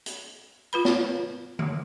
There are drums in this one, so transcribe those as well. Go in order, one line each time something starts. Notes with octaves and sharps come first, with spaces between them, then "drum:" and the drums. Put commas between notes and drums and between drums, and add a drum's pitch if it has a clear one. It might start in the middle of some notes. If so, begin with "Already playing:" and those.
drum: hi-hat
F4 B4 B5
drum: snare
drum: tom D3